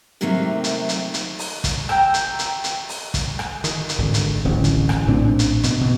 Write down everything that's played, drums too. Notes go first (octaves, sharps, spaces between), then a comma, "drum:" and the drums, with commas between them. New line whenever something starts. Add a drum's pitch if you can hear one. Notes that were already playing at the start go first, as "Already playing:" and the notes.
C3 D#3 F#3 A3 A#3 C4
drum: hi-hat
drum: hi-hat
drum: hi-hat
drum: open hi-hat
drum: kick, hi-hat
G5 A#5 E6, drum: rim click
drum: hi-hat
drum: hi-hat
drum: hi-hat
drum: open hi-hat
drum: kick, hi-hat
drum: rim click
D#3, drum: hi-hat
drum: hi-hat
G#1 D3
drum: hi-hat
D1 A1 A2 C#4
drum: kick, hi-hat
drum: rim click
A#1 A2 C4 D4
drum: hi-hat
B2, drum: hi-hat
B2